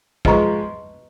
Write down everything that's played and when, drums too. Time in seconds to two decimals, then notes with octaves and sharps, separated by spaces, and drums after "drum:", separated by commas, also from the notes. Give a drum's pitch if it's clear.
0.25 F3 G#3 B4 D#5 A#5 C#6, drum: kick A#1